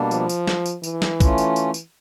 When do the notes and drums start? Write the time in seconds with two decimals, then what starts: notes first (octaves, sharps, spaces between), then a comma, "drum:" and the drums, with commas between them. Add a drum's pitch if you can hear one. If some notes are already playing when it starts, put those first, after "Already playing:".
Already playing: B2 G3 A#3 D4
0.11 F3, drum: tambourine
0.29 drum: tambourine
0.48 drum: snare
0.66 drum: tambourine
0.84 E3, drum: tambourine
1.02 drum: snare
1.20 A3 C#4 F4, drum: kick, tambourine
1.38 drum: tambourine
1.56 drum: tambourine
1.74 drum: tambourine